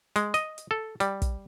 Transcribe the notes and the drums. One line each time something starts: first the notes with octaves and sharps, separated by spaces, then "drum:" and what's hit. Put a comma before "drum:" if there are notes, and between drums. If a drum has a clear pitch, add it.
G#3, drum: hi-hat
D#5, drum: hi-hat
drum: hi-hat
A4
G3, drum: hi-hat
drum: kick, hi-hat